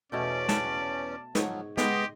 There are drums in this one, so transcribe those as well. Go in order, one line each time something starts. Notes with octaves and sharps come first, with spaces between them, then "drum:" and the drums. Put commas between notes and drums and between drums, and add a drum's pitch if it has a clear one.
E2 B2 A3 C#4 D5 G5
B4 A5, drum: snare
G#2 F3 F#3 C#5, drum: snare
G#3 B3 G4 D#5 C6, drum: snare